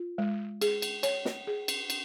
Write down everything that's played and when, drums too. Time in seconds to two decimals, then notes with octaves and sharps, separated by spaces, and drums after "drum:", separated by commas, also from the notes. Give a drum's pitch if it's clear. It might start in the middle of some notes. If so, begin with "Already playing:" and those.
Already playing: F4
0.18 G#3
0.61 G#4, drum: cymbal
0.82 drum: cymbal
1.03 C#5, drum: cymbal
1.25 drum: snare
1.47 G#4
1.68 drum: cymbal
1.90 drum: cymbal